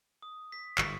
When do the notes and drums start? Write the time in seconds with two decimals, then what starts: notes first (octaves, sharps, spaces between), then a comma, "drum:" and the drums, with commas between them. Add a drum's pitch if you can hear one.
0.22 D#6
0.52 B6
0.78 G1 G#2 C#6 E6 B6, drum: clap